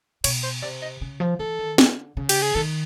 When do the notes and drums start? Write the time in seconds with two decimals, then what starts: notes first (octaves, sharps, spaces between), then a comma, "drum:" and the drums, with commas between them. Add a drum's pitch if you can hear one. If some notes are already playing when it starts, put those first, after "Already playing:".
0.24 B2 C#5, drum: cymbal
0.43 C5
0.62 C3 D5
0.82 D#5
1.01 C#3
1.20 F3
1.39 E3 A4
1.59 D#3
1.78 D3, drum: snare
2.17 C#3
2.29 G4, drum: cymbal
2.42 G#4
2.55 D#3 A4